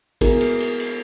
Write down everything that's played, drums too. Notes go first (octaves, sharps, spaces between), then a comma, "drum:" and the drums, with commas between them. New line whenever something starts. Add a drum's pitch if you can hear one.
B3 E4 F#4 G#4 A#4, drum: kick, cymbal
drum: cymbal
drum: cymbal
drum: cymbal